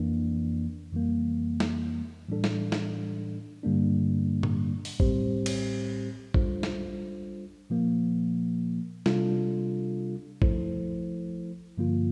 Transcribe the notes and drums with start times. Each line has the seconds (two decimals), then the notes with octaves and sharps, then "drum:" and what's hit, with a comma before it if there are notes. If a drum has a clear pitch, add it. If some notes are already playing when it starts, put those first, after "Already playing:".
Already playing: F2 E3 A#3 D4
0.92 F2 E3 G3 A#3
1.60 drum: snare
2.28 A2 E3 G3 D4 A4
2.44 drum: snare
2.72 drum: snare
3.63 G2 D3 G3 A#3 D4
4.43 drum: tom A2
4.85 drum: open hi-hat
5.00 A2 G3 C4 G4 C5, drum: kick A1
5.46 drum: cymbal
6.34 G3 D4 F4 A4 C5, drum: kick A1
6.63 drum: snare
7.70 A#2 F3 A#3
9.06 C3 G3 D4 F4 A4, drum: snare
10.42 F3 A3 E4 A4 C5, drum: kick A1
11.78 G2 D3 F3 A#3 F4